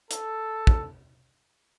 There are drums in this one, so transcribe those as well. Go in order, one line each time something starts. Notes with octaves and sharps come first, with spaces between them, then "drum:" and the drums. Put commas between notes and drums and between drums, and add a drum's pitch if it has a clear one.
A4, drum: hi-hat
drum: kick